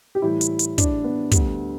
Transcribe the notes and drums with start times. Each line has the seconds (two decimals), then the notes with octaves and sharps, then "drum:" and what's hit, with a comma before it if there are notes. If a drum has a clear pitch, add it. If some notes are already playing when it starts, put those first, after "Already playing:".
0.15 G4
0.22 A2 E3 G3 E4
0.41 drum: hi-hat
0.59 drum: hi-hat
0.78 D4, drum: kick, hi-hat
1.04 B3
1.31 D2 D3 G3, drum: kick, hi-hat